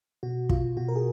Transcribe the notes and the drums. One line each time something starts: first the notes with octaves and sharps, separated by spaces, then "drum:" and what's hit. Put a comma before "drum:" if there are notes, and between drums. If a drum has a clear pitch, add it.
B2 F#4
B2 F4, drum: kick
B2 F#4
A#4
G#4